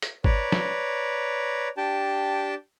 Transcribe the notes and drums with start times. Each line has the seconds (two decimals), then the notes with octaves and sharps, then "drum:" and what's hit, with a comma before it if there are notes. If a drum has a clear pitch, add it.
0.02 drum: hi-hat
0.24 B4 C#5 D5 A#5, drum: kick G#1
0.52 drum: snare
1.77 D4 G4 G5 A5